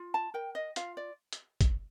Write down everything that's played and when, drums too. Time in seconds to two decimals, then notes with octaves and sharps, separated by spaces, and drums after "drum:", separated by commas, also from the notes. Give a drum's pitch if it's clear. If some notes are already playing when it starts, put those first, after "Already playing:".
Already playing: F4
0.14 A5
0.34 A#4 G5
0.55 D#5
0.76 F4 F5, drum: hi-hat
0.97 D5
1.33 drum: hi-hat
1.61 drum: kick, hi-hat